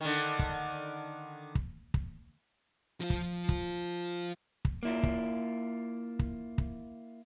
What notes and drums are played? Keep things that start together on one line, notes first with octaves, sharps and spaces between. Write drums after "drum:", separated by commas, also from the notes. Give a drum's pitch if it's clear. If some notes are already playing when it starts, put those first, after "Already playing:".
D3 D#3
drum: kick
drum: kick
drum: kick
F3 F4
drum: kick
drum: kick
drum: kick
A#3 E4 F4
drum: kick
drum: kick
drum: kick